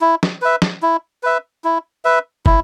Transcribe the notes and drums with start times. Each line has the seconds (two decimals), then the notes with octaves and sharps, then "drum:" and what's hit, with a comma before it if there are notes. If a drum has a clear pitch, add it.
0.01 E4
0.23 drum: snare
0.42 B4 E5
0.62 drum: snare
0.82 E4
1.23 B4 E5
1.64 E4
2.05 B4 E5
2.46 E4, drum: kick